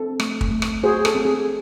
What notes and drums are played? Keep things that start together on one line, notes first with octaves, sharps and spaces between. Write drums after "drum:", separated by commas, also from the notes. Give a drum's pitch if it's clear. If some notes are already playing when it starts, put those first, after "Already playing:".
Already playing: C4 A4
A3, drum: rim click
drum: kick
A3
drum: rim click
F#4 G#4 C5
A4, drum: rim click
C4
G#4